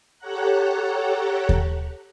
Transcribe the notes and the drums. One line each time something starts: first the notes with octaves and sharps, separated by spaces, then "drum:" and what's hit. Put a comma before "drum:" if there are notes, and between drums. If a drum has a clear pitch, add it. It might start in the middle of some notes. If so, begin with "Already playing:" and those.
G4 A4 C#5 F#5 A#5 F#6
drum: kick D#2